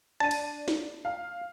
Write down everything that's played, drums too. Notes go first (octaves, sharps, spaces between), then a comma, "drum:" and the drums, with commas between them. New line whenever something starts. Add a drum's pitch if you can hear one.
D4 A5 D#7
drum: cymbal
drum: snare
F5